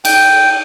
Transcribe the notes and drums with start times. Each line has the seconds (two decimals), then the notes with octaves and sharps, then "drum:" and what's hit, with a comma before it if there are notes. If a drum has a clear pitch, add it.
0.05 G5, drum: cymbal